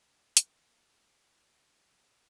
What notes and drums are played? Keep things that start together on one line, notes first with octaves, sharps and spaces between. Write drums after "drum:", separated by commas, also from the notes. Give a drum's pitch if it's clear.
A#3
drum: hi-hat
A#3
F#3
G3
F#3